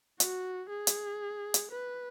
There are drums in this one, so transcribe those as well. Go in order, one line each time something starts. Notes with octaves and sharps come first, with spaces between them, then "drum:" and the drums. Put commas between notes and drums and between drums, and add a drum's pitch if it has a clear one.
F#4, drum: hi-hat
G#4
drum: hi-hat
drum: hi-hat
B4